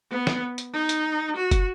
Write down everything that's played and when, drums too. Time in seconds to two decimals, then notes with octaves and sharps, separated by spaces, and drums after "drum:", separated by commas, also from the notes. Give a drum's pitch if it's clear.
0.11 B3
0.27 drum: snare
0.58 drum: hi-hat
0.73 D#4
0.89 drum: hi-hat
1.36 F#4
1.51 drum: kick, hi-hat